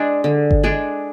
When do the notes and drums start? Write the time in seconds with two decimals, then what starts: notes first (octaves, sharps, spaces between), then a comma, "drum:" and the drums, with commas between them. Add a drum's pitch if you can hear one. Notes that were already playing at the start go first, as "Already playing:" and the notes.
Already playing: G#3 D4 G#4
0.24 D3
0.51 drum: kick G1
0.63 G#3 D4 G#4